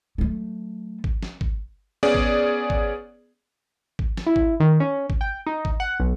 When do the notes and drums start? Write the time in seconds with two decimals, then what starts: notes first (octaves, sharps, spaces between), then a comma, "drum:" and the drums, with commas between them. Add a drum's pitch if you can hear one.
0.18 F#3 A3
1.04 drum: kick
1.23 drum: snare
1.41 drum: kick
2.03 B3 C#4 G#4 D5
2.15 drum: kick
2.70 drum: kick
3.99 drum: kick
4.17 drum: snare
4.27 E4
4.36 drum: kick
4.60 D#3
4.80 C#4
5.10 drum: kick
5.21 G5
5.46 D#4
5.65 drum: kick
5.80 F#5
6.00 B1